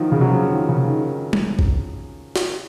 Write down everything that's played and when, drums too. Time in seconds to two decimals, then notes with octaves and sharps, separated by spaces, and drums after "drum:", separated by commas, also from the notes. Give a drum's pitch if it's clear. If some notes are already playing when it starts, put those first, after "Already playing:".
Already playing: D#3 F3 F#3
0.12 C#3
0.21 F#3
0.31 F3
0.50 D#3
0.69 C#3
0.88 D#3
1.33 drum: tom G3
1.59 drum: kick
2.36 drum: snare